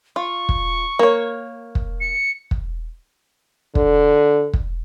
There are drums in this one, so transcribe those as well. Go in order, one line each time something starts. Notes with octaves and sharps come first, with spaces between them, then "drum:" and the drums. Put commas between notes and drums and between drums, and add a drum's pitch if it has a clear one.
F4 C#6
drum: kick
A#3 C#5
drum: kick
C#7
drum: kick
D3, drum: kick
drum: kick